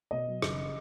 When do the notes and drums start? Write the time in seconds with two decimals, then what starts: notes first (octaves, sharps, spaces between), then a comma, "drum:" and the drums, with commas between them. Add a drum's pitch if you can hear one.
0.11 B2 D#5
0.27 F#3
0.42 F#1, drum: rim click